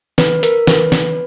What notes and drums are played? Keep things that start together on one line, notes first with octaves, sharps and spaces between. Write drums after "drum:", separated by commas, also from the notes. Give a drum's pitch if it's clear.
B4, drum: snare
A#4, drum: hi-hat
B4, drum: snare
drum: snare